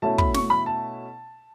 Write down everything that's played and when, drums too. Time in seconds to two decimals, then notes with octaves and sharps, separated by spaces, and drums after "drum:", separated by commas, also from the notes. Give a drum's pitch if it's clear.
0.02 B2 A3 C#4 E4 A5
0.18 B5, drum: kick
0.34 C#6, drum: snare
0.50 B5
0.66 A5